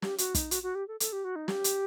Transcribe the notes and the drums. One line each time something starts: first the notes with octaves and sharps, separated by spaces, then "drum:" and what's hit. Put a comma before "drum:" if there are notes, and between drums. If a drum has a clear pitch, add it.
G4, drum: snare
F#4, drum: hi-hat
D#4, drum: kick, hi-hat
F#4, drum: hi-hat
F#4
G4
A4
A4, drum: hi-hat
G4
F#4
D#4
G4, drum: snare
drum: hi-hat